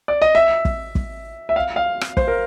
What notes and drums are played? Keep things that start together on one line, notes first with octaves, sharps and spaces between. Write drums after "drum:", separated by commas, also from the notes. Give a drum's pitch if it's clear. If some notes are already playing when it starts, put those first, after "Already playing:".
D5
D#5
E5
drum: kick
drum: kick
E5
F5
F5
drum: rim click
C5, drum: kick
A#4